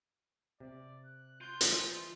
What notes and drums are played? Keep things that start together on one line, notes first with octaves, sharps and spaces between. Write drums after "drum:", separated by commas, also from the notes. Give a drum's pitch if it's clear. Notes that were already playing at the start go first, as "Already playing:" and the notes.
C3 D5
F#6
F4 C6 G6
drum: hi-hat
E3 D#4